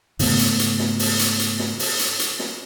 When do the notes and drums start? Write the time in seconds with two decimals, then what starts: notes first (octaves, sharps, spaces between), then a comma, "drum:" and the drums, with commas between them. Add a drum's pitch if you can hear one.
0.19 G#2 C#3 A3 B3, drum: open hi-hat
0.39 drum: hi-hat
0.59 drum: hi-hat
0.79 drum: snare
0.99 drum: open hi-hat
1.19 drum: hi-hat
1.39 drum: hi-hat
1.59 drum: snare
1.79 drum: open hi-hat
1.99 drum: hi-hat
2.19 drum: hi-hat
2.39 drum: snare